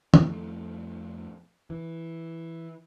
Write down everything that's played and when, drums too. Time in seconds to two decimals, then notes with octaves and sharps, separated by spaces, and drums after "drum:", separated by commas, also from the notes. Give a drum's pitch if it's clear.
0.14 F2 A2, drum: tom
1.70 E3